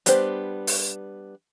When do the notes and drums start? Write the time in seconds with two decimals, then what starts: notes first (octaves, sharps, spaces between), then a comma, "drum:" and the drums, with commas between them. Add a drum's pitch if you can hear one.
0.06 G3 B3 D4 G4 C5, drum: hi-hat
0.67 drum: open hi-hat